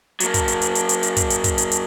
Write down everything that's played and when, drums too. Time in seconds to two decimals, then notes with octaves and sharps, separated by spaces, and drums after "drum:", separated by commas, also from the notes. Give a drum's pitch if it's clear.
0.20 F#3 A#3, drum: hi-hat
0.34 drum: kick, hi-hat
0.48 drum: hi-hat
0.62 drum: hi-hat
0.75 drum: hi-hat
0.89 drum: hi-hat
1.03 drum: hi-hat
1.16 drum: kick, hi-hat
1.30 drum: hi-hat
1.44 drum: kick, hi-hat
1.58 drum: hi-hat
1.71 drum: hi-hat